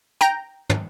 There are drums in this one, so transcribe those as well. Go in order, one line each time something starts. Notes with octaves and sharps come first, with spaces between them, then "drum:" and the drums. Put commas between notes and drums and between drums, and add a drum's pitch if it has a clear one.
G5 A#5 G6 A#6, drum: hi-hat
drum: tom